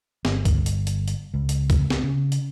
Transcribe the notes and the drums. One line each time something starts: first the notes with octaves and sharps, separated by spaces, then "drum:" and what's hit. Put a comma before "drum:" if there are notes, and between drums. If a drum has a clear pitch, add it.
G1, drum: snare
drum: kick C2, hi-hat
drum: hi-hat
drum: hi-hat
drum: hi-hat
C#2
drum: hi-hat
drum: kick C2, hi-hat
drum: snare
C#3
drum: hi-hat